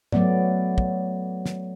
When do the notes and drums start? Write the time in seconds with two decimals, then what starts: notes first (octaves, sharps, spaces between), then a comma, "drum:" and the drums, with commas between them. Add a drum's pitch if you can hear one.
0.12 F#3 A3 B3 D5, drum: tom G#2
0.78 drum: kick
1.46 drum: snare